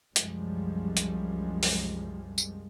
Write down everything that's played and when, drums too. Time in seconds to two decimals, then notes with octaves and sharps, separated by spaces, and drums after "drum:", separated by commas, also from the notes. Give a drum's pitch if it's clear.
0.16 C2 F#2 F3 G3 G#3, drum: hi-hat
0.97 drum: hi-hat
1.63 drum: open hi-hat
2.38 drum: tambourine